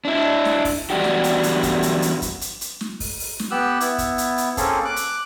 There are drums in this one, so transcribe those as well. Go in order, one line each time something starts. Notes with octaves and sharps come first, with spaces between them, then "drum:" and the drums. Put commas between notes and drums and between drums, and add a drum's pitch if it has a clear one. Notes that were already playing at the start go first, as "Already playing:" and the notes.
D4 E4
drum: snare
drum: kick, open hi-hat
E2 G2 G3 D4 F#4 G4
drum: snare
drum: hi-hat
drum: hi-hat
drum: kick, hi-hat
drum: hi-hat
drum: hi-hat
drum: kick, hi-hat
drum: hi-hat
drum: hi-hat
drum: snare
drum: kick, open hi-hat
drum: open hi-hat
drum: snare
B3 G4 E6 F#6
B3 E4, drum: hi-hat
drum: kick, hi-hat
drum: hi-hat
drum: hi-hat
A#3 C4 C#4 G#4 A4, drum: kick, hi-hat
D6 F#6
drum: hi-hat